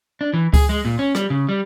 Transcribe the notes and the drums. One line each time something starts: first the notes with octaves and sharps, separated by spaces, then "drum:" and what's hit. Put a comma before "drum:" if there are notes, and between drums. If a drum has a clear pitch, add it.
D4
E3
G#4, drum: kick C#2, open hi-hat
G#3
A#2
C#4
G3, drum: rim click
C#3
G3